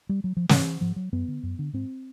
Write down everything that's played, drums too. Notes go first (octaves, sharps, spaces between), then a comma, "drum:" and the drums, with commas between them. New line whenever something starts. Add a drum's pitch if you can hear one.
G3
F#3
F3
G#2 E3, drum: snare
G#2 F3
F#3
F#2 B3
D3
F#2
D3
G#2 C4